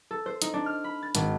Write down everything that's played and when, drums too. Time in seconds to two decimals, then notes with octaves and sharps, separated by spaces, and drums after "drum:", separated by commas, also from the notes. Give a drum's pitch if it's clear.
0.11 A4
0.26 C5
0.42 D#4, drum: hi-hat
0.54 D4
0.66 F6
0.84 B5
1.03 A6
1.15 G#1, drum: hi-hat